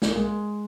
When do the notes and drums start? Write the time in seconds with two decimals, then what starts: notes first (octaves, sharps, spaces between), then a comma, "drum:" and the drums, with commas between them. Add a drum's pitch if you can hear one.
0.02 G#3, drum: snare
0.09 A#3
0.16 G#3